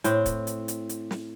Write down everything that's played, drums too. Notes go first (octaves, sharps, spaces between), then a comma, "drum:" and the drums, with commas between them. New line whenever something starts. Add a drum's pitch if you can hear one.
A2 C4, drum: hi-hat
drum: kick, hi-hat
drum: hi-hat
drum: hi-hat
drum: hi-hat
drum: snare